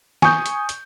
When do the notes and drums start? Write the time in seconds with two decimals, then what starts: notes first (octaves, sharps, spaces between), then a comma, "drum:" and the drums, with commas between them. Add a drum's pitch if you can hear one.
0.22 G#5 C#6 D#6 G6, drum: snare
0.46 drum: hi-hat
0.69 drum: hi-hat